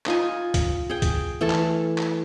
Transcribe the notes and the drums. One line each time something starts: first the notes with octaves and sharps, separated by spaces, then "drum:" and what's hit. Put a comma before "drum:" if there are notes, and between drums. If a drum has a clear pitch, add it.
D#4 F4 G#5, drum: clap
drum: kick, hi-hat
G#4 G5
drum: kick, hi-hat
E3 A3 A4 A5
drum: clap
drum: clap